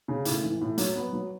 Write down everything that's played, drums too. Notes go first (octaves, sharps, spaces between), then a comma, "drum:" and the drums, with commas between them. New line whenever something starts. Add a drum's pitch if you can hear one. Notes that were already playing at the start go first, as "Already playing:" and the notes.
C#3
A2, drum: hi-hat
E3
A2
F#3, drum: hi-hat
B3
F#3